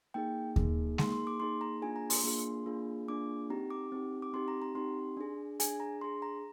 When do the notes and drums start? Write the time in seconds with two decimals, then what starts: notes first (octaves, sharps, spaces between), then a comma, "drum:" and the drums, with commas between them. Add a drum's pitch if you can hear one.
0.14 A#3 D#4 G#4 G5
0.56 A#3 D#4 G#4, drum: kick D#2
0.98 A#3 D#4 G#4 C6, drum: snare G#3
1.13 C6
1.27 D6
1.40 A#3 D#4 G#4 C6
1.61 A#5
1.82 A#3 D4 F4 G#4 G#5
1.96 A#5
2.10 C6, drum: open hi-hat
2.24 A#3 D4 F4 G#4
2.66 A#3 D4 F4 G#4
3.08 A#3 D4 F4 G#4 D6
3.50 C4 D#4 G4 A#5
3.70 D6
3.92 C4 D#4 G4
4.22 D6
4.33 C4 D#4 G4 C6
4.48 A#5
4.62 A#5
4.75 C4 D#4 G4 C6
5.17 D4 G#4
5.60 D4 G#4 G#5, drum: hi-hat
5.80 A#5
6.01 D4 G#4 C6
6.22 A#5